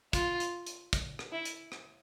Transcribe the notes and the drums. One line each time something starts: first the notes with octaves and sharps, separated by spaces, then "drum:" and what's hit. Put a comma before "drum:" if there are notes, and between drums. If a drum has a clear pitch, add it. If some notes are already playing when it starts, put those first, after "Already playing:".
F4, drum: kick, hi-hat
drum: hi-hat
drum: hi-hat
drum: kick, hi-hat
drum: rim click
E4
drum: hi-hat
drum: rim click